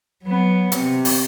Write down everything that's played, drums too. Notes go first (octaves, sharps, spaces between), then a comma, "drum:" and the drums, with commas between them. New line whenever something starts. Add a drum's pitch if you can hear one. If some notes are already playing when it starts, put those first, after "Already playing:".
F#3 B3
C3, drum: hi-hat
drum: open hi-hat